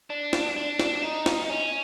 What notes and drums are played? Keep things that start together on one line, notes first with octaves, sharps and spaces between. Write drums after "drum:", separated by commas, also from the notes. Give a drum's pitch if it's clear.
D4
drum: snare
D4
drum: snare
D#4
drum: snare
C#4